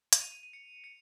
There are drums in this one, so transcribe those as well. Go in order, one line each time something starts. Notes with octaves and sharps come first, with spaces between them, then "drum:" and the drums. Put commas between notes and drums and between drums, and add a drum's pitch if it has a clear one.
F7, drum: hi-hat
D#7
D#7
D#7
C#7
C#7